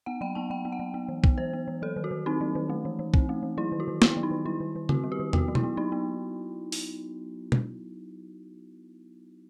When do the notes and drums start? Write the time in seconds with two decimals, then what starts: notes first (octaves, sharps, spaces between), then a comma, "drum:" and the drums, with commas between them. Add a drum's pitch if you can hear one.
0.06 B3 F#5
0.21 F#3 G5
0.35 B3 A5
0.50 F#3 G5
0.65 B3
0.72 F#5
0.79 F#3
0.94 B3
1.09 E3
1.24 B3, drum: kick B1
1.38 E3 C5
1.53 B3
1.68 E3
1.82 F#3 A4
1.96 D#3
2.04 F#4
2.11 D#3
2.26 C4 D#4
2.41 F#3
2.55 D#3
2.69 A3
2.85 E3
2.99 E3
3.14 C4, drum: kick B1
3.29 A3
3.43 E3
3.57 F#3 E4
3.72 D#3
3.80 F#4
3.88 D#3
4.02 B3 E4, drum: snare
4.17 F#3
4.23 D#4
4.31 D#3
4.46 G3 E4
4.60 D#3
4.76 D#3
4.89 C4 F#4, drum: tom C#3
5.04 G3
5.12 G4
5.19 D#3
5.33 B3 F#4, drum: tom
5.48 F#3
5.55 E4, drum: tom B2
5.63 B3
5.77 F#3 D#4
5.92 B3
6.72 drum: open hi-hat
7.52 drum: tom B2